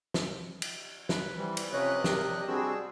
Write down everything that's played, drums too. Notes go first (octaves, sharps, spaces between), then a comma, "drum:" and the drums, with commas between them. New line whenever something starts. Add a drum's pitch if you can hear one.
drum: snare
drum: cymbal
B4, drum: snare
E3 G3 B3 C4
drum: cymbal
C3 F3 C#4 B4 C#5 D#5 F#6
D4 G4 A#4, drum: snare
G3 C4 D4 F#4 G#4 E6